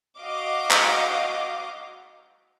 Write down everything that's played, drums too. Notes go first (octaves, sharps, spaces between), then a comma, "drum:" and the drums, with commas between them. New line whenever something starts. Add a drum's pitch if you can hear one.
F#4 D#5 F5 D6
drum: clap